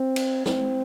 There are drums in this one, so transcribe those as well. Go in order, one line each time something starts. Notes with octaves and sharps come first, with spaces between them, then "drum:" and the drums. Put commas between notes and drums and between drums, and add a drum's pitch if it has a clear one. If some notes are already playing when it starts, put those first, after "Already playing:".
Already playing: C4
drum: cymbal
C4, drum: snare